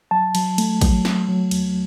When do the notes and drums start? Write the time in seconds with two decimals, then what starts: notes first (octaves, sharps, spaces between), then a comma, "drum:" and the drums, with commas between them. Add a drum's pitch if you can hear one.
0.11 F#3 A5
0.35 F#3, drum: cymbal
0.58 A3, drum: cymbal
0.81 F#3, drum: kick, cymbal
1.05 F#3, drum: snare
1.28 F#3
1.51 D#2, drum: cymbal